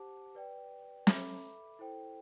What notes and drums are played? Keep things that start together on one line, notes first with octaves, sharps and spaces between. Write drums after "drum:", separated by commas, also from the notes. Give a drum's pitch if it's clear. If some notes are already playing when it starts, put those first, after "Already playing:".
Already playing: G4 C5 F#5 A5 D6
B4 D5 G5
A4 E5 B5 D6, drum: snare
E4 A4 C5 G5